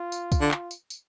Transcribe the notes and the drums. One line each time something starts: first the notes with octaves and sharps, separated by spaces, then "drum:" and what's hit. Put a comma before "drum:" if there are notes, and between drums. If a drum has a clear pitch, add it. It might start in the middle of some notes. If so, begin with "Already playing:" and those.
Already playing: F4
drum: tambourine
drum: kick, tambourine
D3
drum: clap
drum: tambourine
drum: tambourine